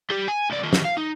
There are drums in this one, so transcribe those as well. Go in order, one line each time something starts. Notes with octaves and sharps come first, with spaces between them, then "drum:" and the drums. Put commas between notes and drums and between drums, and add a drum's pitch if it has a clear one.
G3 G4
G#5
C#2 D5
D#3 F4
drum: snare
F5
D#4